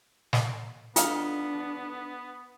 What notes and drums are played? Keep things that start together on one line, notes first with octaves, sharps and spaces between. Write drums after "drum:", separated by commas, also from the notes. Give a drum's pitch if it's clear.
drum: snare
B3 D4 F4 A4 D#5 F5, drum: hi-hat